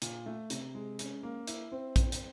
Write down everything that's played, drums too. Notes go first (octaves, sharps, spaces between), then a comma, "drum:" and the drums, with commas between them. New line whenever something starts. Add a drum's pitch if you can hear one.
A#2, drum: hi-hat
A3
C3, drum: hi-hat
G#3
C#4, drum: hi-hat
A#3
E4, drum: hi-hat
C4
C4, drum: kick, hi-hat
drum: hi-hat